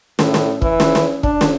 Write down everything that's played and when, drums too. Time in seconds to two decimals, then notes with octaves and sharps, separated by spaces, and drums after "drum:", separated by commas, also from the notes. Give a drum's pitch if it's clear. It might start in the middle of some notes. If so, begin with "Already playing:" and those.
0.19 A2, drum: snare
0.34 drum: snare
0.62 E3, drum: kick
0.80 drum: snare
0.95 drum: snare
1.23 D4, drum: kick
1.41 drum: snare